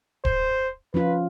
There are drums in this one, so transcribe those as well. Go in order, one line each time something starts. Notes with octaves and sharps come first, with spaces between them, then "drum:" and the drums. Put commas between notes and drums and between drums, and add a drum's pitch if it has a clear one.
C5, drum: kick D1
F3 C#4 F4 B4